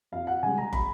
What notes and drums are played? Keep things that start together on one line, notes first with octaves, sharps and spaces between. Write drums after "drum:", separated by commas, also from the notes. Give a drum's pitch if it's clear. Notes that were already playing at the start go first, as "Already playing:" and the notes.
F2 F5
F#5
C#3 G#3 G#5
A#5
B5, drum: kick